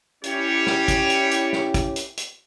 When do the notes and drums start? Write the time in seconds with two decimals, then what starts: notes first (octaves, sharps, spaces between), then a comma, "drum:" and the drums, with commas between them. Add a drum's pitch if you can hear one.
0.24 G3 C#4 E4 G4 C#5, drum: hi-hat
0.67 drum: snare
0.88 drum: kick, hi-hat
1.10 drum: hi-hat
1.31 drum: hi-hat
1.53 drum: snare
1.74 drum: kick, hi-hat
1.96 drum: hi-hat
2.17 drum: hi-hat